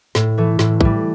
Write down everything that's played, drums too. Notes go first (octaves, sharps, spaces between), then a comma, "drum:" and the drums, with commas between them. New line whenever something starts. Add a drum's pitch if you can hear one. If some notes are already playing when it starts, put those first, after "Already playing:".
A2, drum: snare
E3 A3
A2, drum: snare
E3 G3, drum: kick